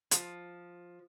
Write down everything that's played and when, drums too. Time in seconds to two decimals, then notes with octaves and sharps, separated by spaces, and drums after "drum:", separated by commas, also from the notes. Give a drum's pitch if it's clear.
0.11 F3, drum: hi-hat